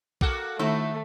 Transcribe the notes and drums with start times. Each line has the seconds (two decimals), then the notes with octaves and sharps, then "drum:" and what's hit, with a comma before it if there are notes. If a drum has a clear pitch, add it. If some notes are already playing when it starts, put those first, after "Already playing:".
0.21 A#3 F#4 A4, drum: kick B1
0.59 D#3 A3 D#4 E4 F#4 A4